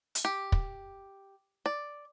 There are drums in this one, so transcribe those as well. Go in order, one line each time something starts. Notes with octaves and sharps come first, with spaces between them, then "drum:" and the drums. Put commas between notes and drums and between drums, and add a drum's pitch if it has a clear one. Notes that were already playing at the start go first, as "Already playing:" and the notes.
drum: hi-hat
G4
drum: kick
D5